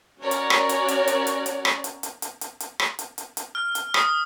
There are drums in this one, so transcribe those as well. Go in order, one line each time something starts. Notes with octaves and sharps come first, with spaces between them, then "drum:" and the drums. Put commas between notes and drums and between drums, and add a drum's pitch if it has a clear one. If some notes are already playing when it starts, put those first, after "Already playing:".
C#4 F#4 A#4 C#5 D5
drum: hi-hat
drum: rim click
drum: hi-hat
drum: hi-hat
drum: hi-hat
drum: hi-hat
drum: hi-hat
drum: rim click
drum: hi-hat
drum: hi-hat
drum: hi-hat
drum: hi-hat
drum: hi-hat
drum: rim click
drum: hi-hat
drum: hi-hat
drum: hi-hat
F6
drum: hi-hat
D#6, drum: rim click